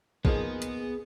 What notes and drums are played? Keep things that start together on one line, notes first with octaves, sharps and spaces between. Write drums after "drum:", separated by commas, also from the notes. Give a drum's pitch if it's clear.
F3 A#3 B3 D#4 G#4, drum: kick A1
drum: hi-hat